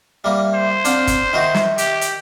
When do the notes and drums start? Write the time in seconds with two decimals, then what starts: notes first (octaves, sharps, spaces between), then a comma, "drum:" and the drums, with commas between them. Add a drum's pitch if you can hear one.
0.24 G3 A#3 E5
0.54 C5
0.85 C4 D4 F5 F#5, drum: hi-hat
1.07 drum: kick F#1, hi-hat
1.33 D#3 D#4 F#4 E5
1.54 drum: snare
1.78 G4, drum: hi-hat
2.01 drum: hi-hat